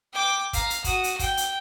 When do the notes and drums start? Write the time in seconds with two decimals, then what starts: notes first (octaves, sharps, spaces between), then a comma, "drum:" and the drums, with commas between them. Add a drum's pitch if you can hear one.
0.13 G5 D6
0.53 F5 A#5, drum: kick, hi-hat
0.70 drum: hi-hat
0.84 F#4 D#6, drum: kick, hi-hat
1.04 drum: hi-hat
1.19 G5, drum: kick, hi-hat
1.37 drum: hi-hat